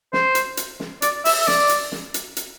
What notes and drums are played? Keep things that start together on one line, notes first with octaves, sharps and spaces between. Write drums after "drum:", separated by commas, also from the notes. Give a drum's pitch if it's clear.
C5, drum: snare
drum: hi-hat
drum: hi-hat
drum: snare
D5, drum: hi-hat
E5, drum: open hi-hat
E5
D5, drum: snare
drum: hi-hat
drum: snare
drum: hi-hat
drum: hi-hat